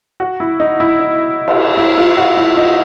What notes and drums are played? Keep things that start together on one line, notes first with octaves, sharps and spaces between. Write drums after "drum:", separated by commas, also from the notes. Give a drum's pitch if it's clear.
F#4
E4
D#4
E4
D#4
drum: cymbal
E4
F4
F#4
E4
D#4